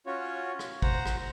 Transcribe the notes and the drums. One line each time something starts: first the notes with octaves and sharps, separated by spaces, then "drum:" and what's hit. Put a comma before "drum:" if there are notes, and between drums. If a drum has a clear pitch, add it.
C#4 F4 F#4 C#5
drum: rim click
C5 F#5 A#5, drum: kick
drum: rim click